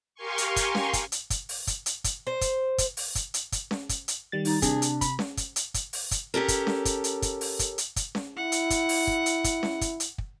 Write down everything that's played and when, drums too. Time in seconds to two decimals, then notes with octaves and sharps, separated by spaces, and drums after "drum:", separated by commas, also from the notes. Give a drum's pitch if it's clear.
0.14 G4 A#4 F5 G#5 C6 C#6
0.38 drum: hi-hat
0.56 drum: kick, hi-hat
0.75 drum: snare C#4
0.93 drum: kick, hi-hat
1.12 drum: hi-hat
1.30 drum: kick, hi-hat
1.49 drum: open hi-hat
1.67 drum: kick, hi-hat
1.86 drum: hi-hat
2.04 drum: kick, hi-hat
2.27 C5
2.41 drum: kick, hi-hat
2.78 drum: kick, hi-hat
2.97 drum: open hi-hat
3.15 drum: kick, hi-hat
3.34 drum: hi-hat
3.52 drum: kick, hi-hat
3.71 drum: snare C#4
3.89 drum: kick, hi-hat
4.08 drum: hi-hat
4.32 D#3 G3 A6
4.45 D#4, drum: open hi-hat
4.62 C3 D4 G#4, drum: kick, hi-hat
4.82 drum: hi-hat
5.01 B5, drum: kick, hi-hat
5.19 drum: snare C#4
5.37 drum: kick, hi-hat
5.56 drum: hi-hat
5.74 drum: kick, hi-hat
5.93 drum: open hi-hat
6.11 drum: kick, hi-hat
6.34 C#4 G4 A4 A#4
6.48 drum: kick, hi-hat
6.67 drum: snare C#4
6.85 drum: kick, hi-hat
7.04 drum: hi-hat
7.22 drum: kick, hi-hat
7.41 drum: open hi-hat
7.59 drum: kick, hi-hat
7.78 drum: hi-hat
7.96 drum: kick, hi-hat
8.15 drum: snare C#4
8.37 E4 F#5
8.52 drum: hi-hat
8.70 drum: kick, hi-hat
8.89 drum: open hi-hat
9.07 drum: kick
9.26 drum: hi-hat
9.44 drum: kick, hi-hat
9.63 drum: snare C#4
9.81 drum: kick, hi-hat
10.00 drum: hi-hat
10.18 drum: kick